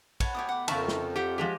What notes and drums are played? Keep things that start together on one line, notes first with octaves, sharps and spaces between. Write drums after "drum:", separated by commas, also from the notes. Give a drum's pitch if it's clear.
C#5 F#5 A5 B5, drum: kick, cymbal
B2 A3 G4 C#5 D5 D#6
F#5 D6
F2 C#3 D4 A#4 E5 A5 A#5 C#6, drum: cymbal
drum: snare
G4 E5 F#5 G5
F3 G#3 D4 G4